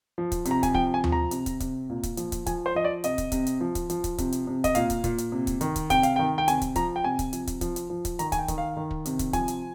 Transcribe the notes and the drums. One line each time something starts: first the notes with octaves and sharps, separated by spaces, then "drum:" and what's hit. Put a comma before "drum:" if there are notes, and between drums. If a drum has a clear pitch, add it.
F3
drum: kick, hi-hat
C3, drum: hi-hat
A#5
G#5, drum: kick, hi-hat
F3 G5, drum: kick
G#5
F3, drum: tom D#2
A#5
C3, drum: hi-hat
drum: kick, hi-hat
C3, drum: kick, hi-hat
A#2
drum: kick, hi-hat
F3, drum: hi-hat
drum: kick, hi-hat
F3 G#5, drum: kick, hi-hat
C5
F3 D#5
D5
C3 D#5, drum: hi-hat
drum: kick, hi-hat
C3, drum: kick, hi-hat
drum: hi-hat
F3
drum: kick, hi-hat
F3, drum: hi-hat
drum: kick, hi-hat
C3, drum: kick, hi-hat
drum: hi-hat
C3
D#5, drum: kick, hi-hat
A#2 F5, drum: hi-hat
drum: kick, hi-hat
A#2, drum: kick, hi-hat
drum: hi-hat
C3
drum: kick, hi-hat
D#3, drum: hi-hat
drum: kick, hi-hat
C3 G5, drum: kick, hi-hat
F5, drum: hi-hat
D#3 G5
G5
C3 G#5, drum: hi-hat
drum: kick, hi-hat
F3 A#5, drum: kick, hi-hat
G5
C3 G#5
drum: kick, hi-hat
F3, drum: hi-hat
drum: kick, hi-hat
F3, drum: kick, hi-hat
drum: hi-hat
F3
drum: kick, hi-hat
D#3 A#5, drum: hi-hat
G#5, drum: kick, hi-hat
G5
D#3, drum: kick, hi-hat
F5
D#3
drum: kick
C3, drum: hi-hat
drum: kick, hi-hat
F3 G#5, drum: kick, hi-hat
drum: hi-hat